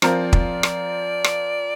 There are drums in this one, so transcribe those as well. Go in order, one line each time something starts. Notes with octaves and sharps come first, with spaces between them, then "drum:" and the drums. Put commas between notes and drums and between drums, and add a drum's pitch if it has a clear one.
F3 C4 F4 A#4 D5, drum: rim click
drum: kick
drum: rim click
drum: rim click